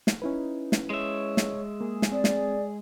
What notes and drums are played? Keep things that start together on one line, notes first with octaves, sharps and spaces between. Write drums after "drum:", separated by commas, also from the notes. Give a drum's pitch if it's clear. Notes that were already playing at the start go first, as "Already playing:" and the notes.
drum: snare
C#4 D#4 E4 B4
drum: snare
G#3 C#5 E5
drum: snare
A#3 G#4
drum: snare
C4 D5
drum: snare